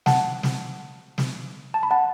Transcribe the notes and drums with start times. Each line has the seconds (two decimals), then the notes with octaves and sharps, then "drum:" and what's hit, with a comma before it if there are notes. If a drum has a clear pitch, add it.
0.06 F#5 A5, drum: snare
0.43 drum: snare
1.18 drum: snare
1.74 A5
1.83 B5
1.91 F#5 A5